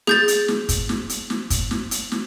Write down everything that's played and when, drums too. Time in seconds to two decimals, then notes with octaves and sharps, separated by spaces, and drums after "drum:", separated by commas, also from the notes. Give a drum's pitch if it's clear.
0.07 G#4 G6 A6, drum: snare
0.28 drum: hi-hat
0.48 drum: snare
0.69 drum: kick, hi-hat
0.89 drum: snare
1.09 drum: hi-hat
1.30 drum: snare
1.50 drum: kick, hi-hat
1.71 drum: snare
1.91 drum: hi-hat
2.12 drum: snare